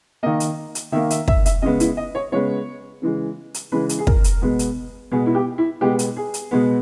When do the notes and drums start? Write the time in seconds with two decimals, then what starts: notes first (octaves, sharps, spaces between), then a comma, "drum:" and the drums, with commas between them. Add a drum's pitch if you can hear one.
0.23 D#3 A#3 D#5
0.40 drum: hi-hat
0.75 drum: hi-hat
0.92 D#3 A#3 E5
1.10 E5, drum: hi-hat
1.28 E5, drum: kick
1.46 E5, drum: hi-hat
1.62 C#3 G#3 B3 D#5
1.80 E4, drum: hi-hat
1.97 D#5
2.15 C#5
2.32 C#3 G#3 B3 C#5
3.02 C#3 E3 G#3
3.54 drum: hi-hat
3.72 C#3 E3 G#3 B4
3.89 drum: hi-hat
3.99 G#4
4.07 A#4, drum: kick
4.24 drum: hi-hat
4.42 B2 G#3 B3
4.59 drum: hi-hat
5.12 B2 G#3 B3 G#4
5.26 E4
5.35 G4
5.58 E4
5.81 B2 G#3 B3 G4
5.99 drum: hi-hat
6.17 G#4
6.34 drum: hi-hat
6.51 B2 G#3 B3